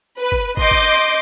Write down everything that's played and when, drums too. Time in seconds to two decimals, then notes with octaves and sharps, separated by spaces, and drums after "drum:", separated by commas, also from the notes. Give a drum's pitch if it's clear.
0.19 B4
0.32 drum: kick
0.57 D#5 C6 D6 G6, drum: kick
0.71 drum: kick